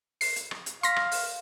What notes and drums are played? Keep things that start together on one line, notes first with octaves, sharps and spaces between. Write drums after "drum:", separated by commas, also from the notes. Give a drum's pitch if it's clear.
C7, drum: open hi-hat
drum: hi-hat
drum: rim click
drum: hi-hat
F5 C6 A#6 B6, drum: hi-hat
drum: rim click
drum: open hi-hat